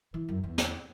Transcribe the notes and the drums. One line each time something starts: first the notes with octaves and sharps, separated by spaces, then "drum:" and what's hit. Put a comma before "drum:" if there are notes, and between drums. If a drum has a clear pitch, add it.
E3
F#2
E2
drum: snare